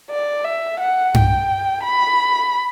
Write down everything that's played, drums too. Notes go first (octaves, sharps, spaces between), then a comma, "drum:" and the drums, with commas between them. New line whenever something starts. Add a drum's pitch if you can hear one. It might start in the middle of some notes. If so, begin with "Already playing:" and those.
D5
E5
F#5
G5, drum: tom G2
B5